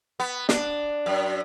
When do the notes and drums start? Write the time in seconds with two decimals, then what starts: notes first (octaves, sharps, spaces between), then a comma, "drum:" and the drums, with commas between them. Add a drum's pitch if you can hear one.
0.20 B3
0.49 D4, drum: snare
1.06 F#2